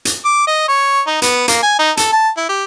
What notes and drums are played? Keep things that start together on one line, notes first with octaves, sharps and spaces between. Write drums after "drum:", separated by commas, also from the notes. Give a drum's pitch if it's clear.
drum: hi-hat
D6
D#5
C#5
D#4
B3, drum: hi-hat
A#3, drum: hi-hat
G#5
D#4
A4, drum: hi-hat
A5
E4
G4